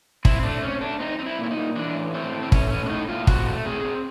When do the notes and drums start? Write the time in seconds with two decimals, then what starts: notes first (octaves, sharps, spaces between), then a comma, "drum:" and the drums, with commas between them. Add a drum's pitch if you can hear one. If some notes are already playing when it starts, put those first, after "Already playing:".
0.25 C4 E4, drum: kick
0.43 A3 D4
0.62 C4 C#4
0.81 A3 D4
1.00 C4 D#4
1.19 C4 D#4
1.26 E4
1.38 A#2
1.44 E4
1.51 D#4
1.57 A#2
1.76 E3 D4
1.95 A2
2.14 A3 C4
2.33 A2
2.43 C4
2.52 A3 C#4, drum: kick
2.71 A2 C#4
2.86 D4
2.89 A2 D#4
3.09 A2 F4
3.27 C4 F#4, drum: kick
3.47 A3
3.66 C4 G#4
3.85 C4